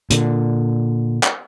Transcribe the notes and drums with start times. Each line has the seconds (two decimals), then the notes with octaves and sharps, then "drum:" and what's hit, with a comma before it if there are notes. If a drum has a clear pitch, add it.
0.10 A#2 D3, drum: hi-hat
1.23 drum: clap